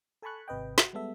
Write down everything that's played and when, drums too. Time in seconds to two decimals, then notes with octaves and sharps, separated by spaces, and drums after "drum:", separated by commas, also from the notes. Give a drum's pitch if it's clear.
0.22 A4 G#5 A5 B5 C#6 F#6
0.48 G#1 C3 B4 D#5 G5
0.78 F#4, drum: snare
0.93 G3 G#3 B3 A4 E5